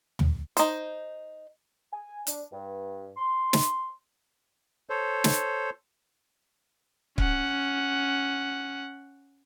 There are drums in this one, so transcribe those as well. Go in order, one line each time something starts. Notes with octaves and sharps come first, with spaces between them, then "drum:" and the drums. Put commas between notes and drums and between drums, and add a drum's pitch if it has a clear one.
drum: tom
D#4 C5, drum: hi-hat
G#5
D4, drum: hi-hat
G2
C6
drum: snare
A4 C5 C#5
drum: snare
C#4 F#5, drum: kick C#1